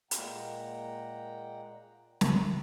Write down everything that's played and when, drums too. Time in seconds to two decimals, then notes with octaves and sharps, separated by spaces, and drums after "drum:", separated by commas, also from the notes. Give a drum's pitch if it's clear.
0.11 A#2 G#3 A#3 F#5 G5 A#5, drum: hi-hat
2.21 drum: snare